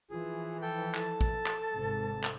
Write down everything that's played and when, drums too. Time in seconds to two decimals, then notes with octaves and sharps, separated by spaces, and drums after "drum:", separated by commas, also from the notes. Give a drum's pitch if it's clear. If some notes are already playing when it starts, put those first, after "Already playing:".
0.10 E3 F3 F4 G#4
0.62 A4 G5
0.95 A4 A5, drum: clap
1.21 drum: kick
1.46 drum: clap
1.72 G#1 G#2 C3
2.23 drum: clap